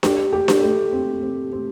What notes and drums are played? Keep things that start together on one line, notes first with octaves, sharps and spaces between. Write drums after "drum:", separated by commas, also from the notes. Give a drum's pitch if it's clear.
G4, drum: snare D4
G4
drum: snare D4
A3
C4
C4
C4